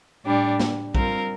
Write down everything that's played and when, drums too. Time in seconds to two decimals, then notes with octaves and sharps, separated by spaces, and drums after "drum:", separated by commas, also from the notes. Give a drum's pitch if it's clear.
0.24 A2 G3 D4
0.60 drum: snare A#3
0.95 G3 C4 F4 A#4, drum: kick